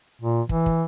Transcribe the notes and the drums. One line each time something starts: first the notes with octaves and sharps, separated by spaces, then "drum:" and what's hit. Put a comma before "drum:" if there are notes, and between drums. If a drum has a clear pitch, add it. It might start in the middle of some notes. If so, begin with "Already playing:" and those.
A#2
E3, drum: kick
drum: kick